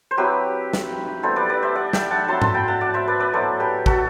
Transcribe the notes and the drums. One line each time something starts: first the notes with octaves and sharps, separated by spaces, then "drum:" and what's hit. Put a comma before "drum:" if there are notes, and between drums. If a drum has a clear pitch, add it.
C5
F#3 C4 E4 G4 B4
drum: snare
G3 B3 E4 A4 C5
B4 D5
B4 D5
C5 E5
D5 F#5
E5 G5, drum: snare
F#5 A5
F#3 C4 E4 A5 C6
A5 C6, drum: tom G#2
G5 B5
F#5 A5
D5 F#5
C5 E5
B4 D5
B4 D5
F#3 B3 E4 A4 C5
G4 B4
F#4 A4, drum: kick